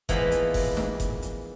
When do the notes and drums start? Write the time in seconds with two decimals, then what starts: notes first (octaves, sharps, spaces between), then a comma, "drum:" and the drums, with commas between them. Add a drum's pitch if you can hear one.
0.09 E3 F3 G#3 A#3 B3 B5, drum: kick F#1, hi-hat
0.32 drum: hi-hat
0.54 drum: kick F#1, open hi-hat
0.77 drum: snare
1.00 drum: kick F#1, hi-hat
1.22 drum: hi-hat